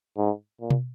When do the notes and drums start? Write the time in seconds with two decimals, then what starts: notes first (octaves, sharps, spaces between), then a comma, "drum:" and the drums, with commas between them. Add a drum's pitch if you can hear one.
0.17 G#2
0.61 A#2
0.70 drum: tom B2